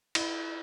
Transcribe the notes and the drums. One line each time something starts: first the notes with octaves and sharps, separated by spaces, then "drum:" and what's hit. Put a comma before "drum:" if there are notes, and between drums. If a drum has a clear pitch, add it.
E4, drum: cymbal